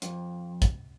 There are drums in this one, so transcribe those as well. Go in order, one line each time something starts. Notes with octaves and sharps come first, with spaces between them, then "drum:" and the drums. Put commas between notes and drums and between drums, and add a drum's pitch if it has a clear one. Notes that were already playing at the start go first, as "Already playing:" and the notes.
F2, drum: hi-hat
drum: kick, hi-hat